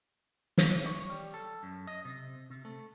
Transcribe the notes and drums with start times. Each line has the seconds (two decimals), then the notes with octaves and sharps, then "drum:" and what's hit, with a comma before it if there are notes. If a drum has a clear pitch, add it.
0.58 drum: snare
0.85 C#5
1.09 G3
1.34 A4
1.63 F#2
1.87 D#5
2.05 C3
2.50 C3
2.65 A3